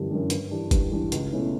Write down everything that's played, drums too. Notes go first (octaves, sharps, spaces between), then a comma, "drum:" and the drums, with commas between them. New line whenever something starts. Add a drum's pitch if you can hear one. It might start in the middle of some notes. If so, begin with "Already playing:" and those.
Already playing: G1 F#2 E3 G3 D4
F#2 E3 G3 D4
G2, drum: hi-hat
E3 G3 D4
G2, drum: kick F#1, hi-hat
E3 G3 D4
C#2, drum: hi-hat
B2 A3 C#4 E4